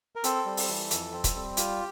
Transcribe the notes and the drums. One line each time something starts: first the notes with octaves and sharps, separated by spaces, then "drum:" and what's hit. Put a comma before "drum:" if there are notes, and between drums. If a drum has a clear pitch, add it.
A#4
C4 A4, drum: hi-hat
G3
drum: open hi-hat
E3
F2, drum: hi-hat
C4
drum: kick C#1, hi-hat
G3
F4 G4, drum: hi-hat